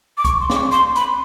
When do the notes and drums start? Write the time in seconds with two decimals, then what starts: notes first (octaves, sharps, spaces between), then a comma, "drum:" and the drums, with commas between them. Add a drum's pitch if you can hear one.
0.18 D6
0.25 C#6, drum: kick, hi-hat
0.41 C6
0.50 D6, drum: snare
0.56 C#6
0.72 C6, drum: hi-hat
0.96 B5, drum: hi-hat